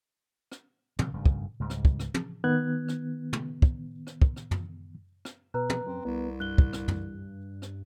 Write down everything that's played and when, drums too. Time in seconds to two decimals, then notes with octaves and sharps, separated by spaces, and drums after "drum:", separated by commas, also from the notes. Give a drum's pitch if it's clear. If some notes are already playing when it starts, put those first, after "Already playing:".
0.52 drum: rim click
0.99 A#2 C#3 F#3 G3, drum: tom
1.14 F#1 G2 C#3 A3
1.26 drum: kick
1.60 C#2 G#2 G3
1.70 drum: rim click
1.85 drum: kick
2.00 drum: rim click
2.14 drum: tom
2.44 D#3 B3 F#6 G#6
2.88 drum: rim click
3.33 drum: tom
3.62 drum: kick
4.07 drum: rim click
4.22 drum: kick
4.36 drum: rim click
4.51 drum: tom
5.25 drum: rim click
5.54 B2 B4 A#5 F#6
5.70 drum: tom
5.87 F#2 C4
6.05 C2 B3
6.40 G2 F#6 G7
6.58 drum: kick
6.73 drum: rim click
6.88 drum: tom
7.62 drum: rim click